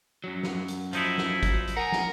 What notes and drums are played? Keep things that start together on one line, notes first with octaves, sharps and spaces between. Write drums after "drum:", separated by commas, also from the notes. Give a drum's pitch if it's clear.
F#2 F#3
drum: snare
drum: hi-hat
F3 D#4 E4, drum: hi-hat
drum: snare
drum: kick, hi-hat
drum: hi-hat
A#4 F#5 G#5
drum: snare